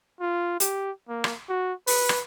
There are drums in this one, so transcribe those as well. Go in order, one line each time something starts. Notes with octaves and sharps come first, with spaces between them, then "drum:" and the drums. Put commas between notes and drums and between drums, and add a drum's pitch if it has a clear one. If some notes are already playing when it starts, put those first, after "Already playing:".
F4
G4, drum: hi-hat
A#3
drum: rim click
F#4
B4, drum: open hi-hat
drum: rim click